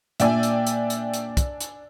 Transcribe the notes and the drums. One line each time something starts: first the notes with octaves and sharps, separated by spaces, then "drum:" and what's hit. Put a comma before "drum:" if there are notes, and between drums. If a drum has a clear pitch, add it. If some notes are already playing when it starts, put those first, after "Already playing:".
A#2 D4 D5 E5 G5 G#5 E6, drum: hi-hat
drum: hi-hat
drum: hi-hat
drum: hi-hat
drum: hi-hat
drum: kick, hi-hat
drum: hi-hat